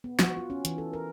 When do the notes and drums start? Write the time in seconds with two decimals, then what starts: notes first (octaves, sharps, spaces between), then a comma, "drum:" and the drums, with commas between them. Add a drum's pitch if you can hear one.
0.04 B3
0.19 F#4, drum: snare
0.37 F4
0.50 C#4
0.65 E3, drum: hi-hat
0.78 A4
0.93 A#4